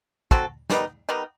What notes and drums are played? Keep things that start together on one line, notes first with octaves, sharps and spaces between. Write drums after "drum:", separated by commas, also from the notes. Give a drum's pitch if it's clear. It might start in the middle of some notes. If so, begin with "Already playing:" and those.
F#3 C4 F#4 A4, drum: kick
D#3 G3 B3 D#4, drum: snare
D#3 G3 B3 D#4